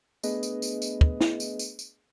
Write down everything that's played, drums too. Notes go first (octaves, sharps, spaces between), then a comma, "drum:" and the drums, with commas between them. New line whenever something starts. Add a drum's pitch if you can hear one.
A3 B3 D4 G#4 B4 D#5, drum: tambourine
drum: tambourine
drum: tambourine
drum: tambourine
drum: kick
drum: snare E4
drum: tambourine
drum: tambourine
drum: tambourine